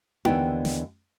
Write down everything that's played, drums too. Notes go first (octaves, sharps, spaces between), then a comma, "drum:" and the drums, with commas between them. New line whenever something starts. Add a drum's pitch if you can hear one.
D#2 D3 E3 G#3 B3 G5, drum: tom D#4
drum: snare